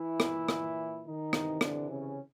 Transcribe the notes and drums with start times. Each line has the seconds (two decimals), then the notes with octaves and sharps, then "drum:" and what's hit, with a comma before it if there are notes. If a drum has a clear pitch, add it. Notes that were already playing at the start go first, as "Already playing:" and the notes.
Already playing: E3 E4
0.20 A#2, drum: rim click
0.48 drum: rim click
1.05 D#3 D#4
1.33 C3 E3, drum: rim click
1.61 D3 D4, drum: rim click
1.90 C#3 C#4